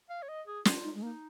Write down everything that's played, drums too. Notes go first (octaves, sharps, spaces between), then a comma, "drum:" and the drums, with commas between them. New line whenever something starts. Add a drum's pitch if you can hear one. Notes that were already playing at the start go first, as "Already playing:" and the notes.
F5
C#5
D#5
G#4
C#4 F4, drum: snare
D#4
G#3
A#3 D#4